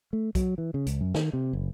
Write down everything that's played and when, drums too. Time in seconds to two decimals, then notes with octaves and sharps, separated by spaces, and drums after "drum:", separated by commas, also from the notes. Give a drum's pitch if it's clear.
0.13 A3
0.35 F#3, drum: kick B1, hi-hat
0.58 E3
0.74 C#3
0.87 C#2, drum: hi-hat
1.01 F#2
1.14 D#3, drum: snare
1.33 C3
1.53 F#1